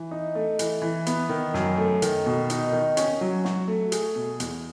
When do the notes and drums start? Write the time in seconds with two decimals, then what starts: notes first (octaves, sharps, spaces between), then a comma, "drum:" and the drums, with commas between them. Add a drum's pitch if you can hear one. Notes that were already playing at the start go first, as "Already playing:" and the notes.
Already playing: E3
0.11 D#4
0.35 A3
0.59 E3, drum: hi-hat
0.82 E3
1.06 B3, drum: hi-hat
1.29 D#3
1.54 F#2, drum: snare
1.77 A3
2.02 D#3, drum: hi-hat
2.26 B2
2.50 D#4, drum: hi-hat
2.72 D#3
2.97 C#4, drum: hi-hat
3.21 F#3
3.45 F#4, drum: snare
3.68 A3
3.92 G#4, drum: hi-hat
4.16 B2
4.40 E2, drum: hi-hat